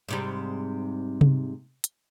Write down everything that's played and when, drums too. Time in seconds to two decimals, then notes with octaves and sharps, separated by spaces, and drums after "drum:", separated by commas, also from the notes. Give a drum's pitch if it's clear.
0.09 G#2 C3 G3
1.21 drum: tom C3
1.84 drum: hi-hat